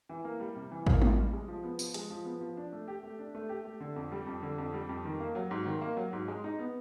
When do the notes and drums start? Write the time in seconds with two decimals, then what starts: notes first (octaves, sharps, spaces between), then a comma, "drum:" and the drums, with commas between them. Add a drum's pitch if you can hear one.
0.09 E3
0.25 A#3
0.40 G3
0.56 C3
0.71 E3
0.86 A#3, drum: kick A1
1.02 G3, drum: tom
1.18 C3
1.33 G#3
1.48 F3
1.64 B3
1.79 F3, drum: tambourine
1.94 G#3, drum: hi-hat
2.10 F3
2.25 B3
2.41 F3
2.57 D4
2.72 A3
2.88 G4
3.03 A3
3.19 D4
3.35 A3
3.49 G4
3.65 A3
3.80 D3
3.96 F2
4.12 G3
4.27 F2
4.43 D3
4.58 F2
4.74 G3
4.89 F2
5.05 D#3
5.20 A#3
5.35 F#3
5.51 G#2
5.66 D#3
5.81 A#3
5.97 F#3
6.13 G#2
6.28 G#3
6.44 D#4
6.59 B3